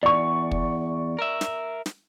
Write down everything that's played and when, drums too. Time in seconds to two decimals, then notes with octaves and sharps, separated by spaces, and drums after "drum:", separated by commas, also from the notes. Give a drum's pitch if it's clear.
0.03 E2 D5 C#6
0.51 drum: kick
1.19 A#4 E5
1.41 drum: snare
1.86 drum: snare